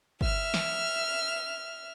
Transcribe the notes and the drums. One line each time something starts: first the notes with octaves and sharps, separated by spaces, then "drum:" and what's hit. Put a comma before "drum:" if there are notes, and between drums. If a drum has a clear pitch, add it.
E5 F6, drum: kick G1
drum: snare